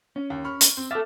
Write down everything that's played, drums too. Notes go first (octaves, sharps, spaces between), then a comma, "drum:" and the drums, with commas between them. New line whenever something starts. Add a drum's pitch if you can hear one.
C#4
D#2
B5 C#6 F6
drum: hi-hat
C4
A4 E5 D6 F6 A6